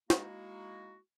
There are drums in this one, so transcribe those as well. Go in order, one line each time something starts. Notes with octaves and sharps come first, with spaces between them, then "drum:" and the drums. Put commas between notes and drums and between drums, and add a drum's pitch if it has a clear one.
G#3 A#3 D#4 E4 F#4, drum: snare